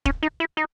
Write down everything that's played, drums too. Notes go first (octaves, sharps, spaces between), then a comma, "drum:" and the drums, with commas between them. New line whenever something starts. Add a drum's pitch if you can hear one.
C#4, drum: kick
D#4
E4
D#4